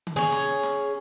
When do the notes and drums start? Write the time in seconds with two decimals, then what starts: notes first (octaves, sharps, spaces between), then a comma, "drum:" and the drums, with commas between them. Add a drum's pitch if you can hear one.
0.07 drum: tom D3
0.16 C#4 G#4
0.32 drum: snare
0.63 drum: snare